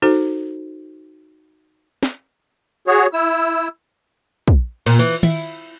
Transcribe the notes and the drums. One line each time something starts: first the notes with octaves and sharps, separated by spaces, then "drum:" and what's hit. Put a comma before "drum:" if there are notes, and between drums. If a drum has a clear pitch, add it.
D#4 F#4 A4 C5
drum: snare
F#4 G#4 C#5
E4 E6
drum: kick
A#2, drum: cymbal
E3
E4, drum: tom D#3